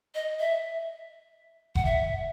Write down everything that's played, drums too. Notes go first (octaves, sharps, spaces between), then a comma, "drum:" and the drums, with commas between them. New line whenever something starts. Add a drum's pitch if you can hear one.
D#5
E5
F#5, drum: kick F#1
E5